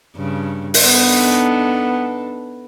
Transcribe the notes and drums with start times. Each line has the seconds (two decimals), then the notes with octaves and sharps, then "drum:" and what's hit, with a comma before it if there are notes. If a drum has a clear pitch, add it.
0.15 G2 C#3
0.74 drum: open hi-hat
0.85 B3 D4 D#4 A4